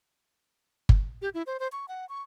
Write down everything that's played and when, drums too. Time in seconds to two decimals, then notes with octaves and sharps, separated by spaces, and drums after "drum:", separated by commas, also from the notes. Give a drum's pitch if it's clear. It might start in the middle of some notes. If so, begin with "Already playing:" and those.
0.89 drum: kick G1
1.22 G4
1.34 E4
1.47 C5
1.60 C5
1.72 C#6
1.88 F#5
2.09 C#6